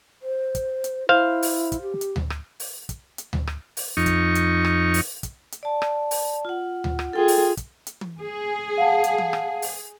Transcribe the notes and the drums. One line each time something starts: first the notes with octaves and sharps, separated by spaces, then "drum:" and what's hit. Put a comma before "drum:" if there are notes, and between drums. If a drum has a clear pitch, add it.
C5
drum: kick, hi-hat
drum: hi-hat
E4 C5 F5
drum: open hi-hat
drum: kick, hi-hat
G4
drum: hi-hat
drum: tom D2
drum: rim click
drum: open hi-hat
drum: kick, hi-hat
drum: hi-hat
drum: tom D2
drum: rim click
drum: open hi-hat
F2 D#4 C#6
drum: kick, hi-hat
drum: hi-hat
drum: rim click
drum: open hi-hat
drum: kick, hi-hat
drum: hi-hat
D5 A5
drum: rim click
drum: open hi-hat
F4 F#5
drum: tom D2
drum: rim click
F4 G#4 A4 G5
drum: open hi-hat
drum: kick, hi-hat
drum: hi-hat
drum: tom
G#4
F5 F#5 A5
drum: hi-hat
drum: tom
drum: rim click
drum: open hi-hat